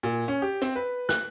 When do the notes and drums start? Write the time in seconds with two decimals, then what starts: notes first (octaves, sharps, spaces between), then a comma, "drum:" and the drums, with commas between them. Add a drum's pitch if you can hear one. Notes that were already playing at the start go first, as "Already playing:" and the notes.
0.03 A#2
0.28 C#4
0.42 G4
0.62 C4, drum: hi-hat
0.75 B4
1.09 F#6, drum: snare